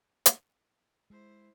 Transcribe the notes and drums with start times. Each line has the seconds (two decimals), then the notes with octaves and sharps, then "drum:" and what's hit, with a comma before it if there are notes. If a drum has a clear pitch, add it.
0.26 drum: hi-hat
1.10 G#3 E4 C5